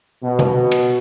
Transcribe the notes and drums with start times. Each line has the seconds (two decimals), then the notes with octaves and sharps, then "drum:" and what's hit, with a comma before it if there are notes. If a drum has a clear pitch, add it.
0.23 B2
0.39 drum: tom B2
0.71 drum: cymbal